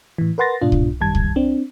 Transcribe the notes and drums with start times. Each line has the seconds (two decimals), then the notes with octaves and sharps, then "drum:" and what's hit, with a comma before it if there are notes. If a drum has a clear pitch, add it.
0.18 A2 E3
0.38 A#4 B4 F#5 C6 A6 A#6
0.61 G#2 B2 D4 F4
0.72 drum: kick C2
1.00 G#1 F#2 D#3 G3 A5 G#6
1.15 drum: kick C2
1.36 C4 D4